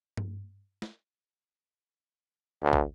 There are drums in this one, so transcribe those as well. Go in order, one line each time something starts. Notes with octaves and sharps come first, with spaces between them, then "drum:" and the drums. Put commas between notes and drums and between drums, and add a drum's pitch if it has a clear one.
drum: tom G2
drum: snare
D2
drum: kick